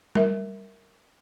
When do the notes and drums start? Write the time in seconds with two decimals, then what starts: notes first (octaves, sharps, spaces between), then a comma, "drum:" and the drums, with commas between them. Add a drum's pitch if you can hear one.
0.15 A#4 E5, drum: tom G3